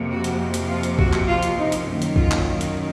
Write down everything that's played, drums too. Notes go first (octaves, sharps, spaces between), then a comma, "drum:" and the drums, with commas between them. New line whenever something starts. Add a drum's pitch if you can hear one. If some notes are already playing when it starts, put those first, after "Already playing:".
Already playing: F2 C3 F3 A#3
F#4
drum: hi-hat
drum: hi-hat
F4
drum: hi-hat
F#4, drum: kick A#1
drum: clap
F4
drum: hi-hat
D#4
drum: hi-hat
F#2 D#3 A#3 C#4
drum: hi-hat
F4, drum: kick A#1
drum: clap
drum: hi-hat